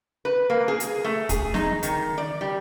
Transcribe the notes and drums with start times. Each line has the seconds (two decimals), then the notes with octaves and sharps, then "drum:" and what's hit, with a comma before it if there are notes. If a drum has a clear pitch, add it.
0.25 B4
0.50 A#3
0.68 G#4
0.80 drum: hi-hat
1.04 A3
1.29 G#4, drum: kick, hi-hat
1.54 D#4, drum: snare
1.83 D#3, drum: hi-hat
2.18 D5
2.41 G3